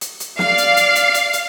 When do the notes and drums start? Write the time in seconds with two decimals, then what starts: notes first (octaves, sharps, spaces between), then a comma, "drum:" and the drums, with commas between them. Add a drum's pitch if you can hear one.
0.01 drum: hi-hat
0.20 drum: hi-hat
0.39 D5 F5 C7, drum: snare
0.58 drum: hi-hat
0.77 drum: hi-hat
0.95 drum: hi-hat
1.14 drum: hi-hat
1.33 drum: hi-hat